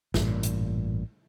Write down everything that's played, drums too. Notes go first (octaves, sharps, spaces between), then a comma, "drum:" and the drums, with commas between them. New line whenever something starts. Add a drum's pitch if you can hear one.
A1 G2 A#2, drum: snare
drum: hi-hat